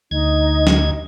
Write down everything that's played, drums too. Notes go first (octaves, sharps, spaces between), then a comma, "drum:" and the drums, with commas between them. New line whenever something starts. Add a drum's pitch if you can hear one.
D2 D#4 D#5 G#6
drum: snare